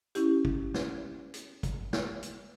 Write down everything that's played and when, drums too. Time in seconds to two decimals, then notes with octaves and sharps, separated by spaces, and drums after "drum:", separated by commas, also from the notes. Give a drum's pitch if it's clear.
0.15 C#4 E4 G4, drum: hi-hat
0.45 drum: kick
0.74 drum: snare
1.34 drum: hi-hat
1.63 drum: kick, hi-hat
1.93 drum: snare
2.23 drum: hi-hat